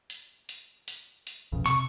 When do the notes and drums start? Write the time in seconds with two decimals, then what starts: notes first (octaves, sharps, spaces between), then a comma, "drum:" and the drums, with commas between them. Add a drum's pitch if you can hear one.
0.10 drum: hi-hat
0.49 drum: hi-hat
0.88 drum: hi-hat
1.27 drum: hi-hat
1.52 B1 F2 C#3
1.66 C3 C#6, drum: hi-hat